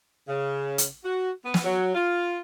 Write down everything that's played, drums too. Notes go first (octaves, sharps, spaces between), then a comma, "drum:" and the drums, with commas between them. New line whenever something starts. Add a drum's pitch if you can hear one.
C#3
drum: hi-hat
F#4
B3
drum: snare
F#3
F4